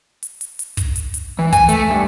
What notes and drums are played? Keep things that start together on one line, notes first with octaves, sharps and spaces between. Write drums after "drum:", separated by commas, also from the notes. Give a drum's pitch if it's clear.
drum: hi-hat
drum: hi-hat
drum: hi-hat
drum: kick, hi-hat
drum: hi-hat
drum: hi-hat
E3
G#5, drum: kick, hi-hat
A3, drum: hi-hat
G2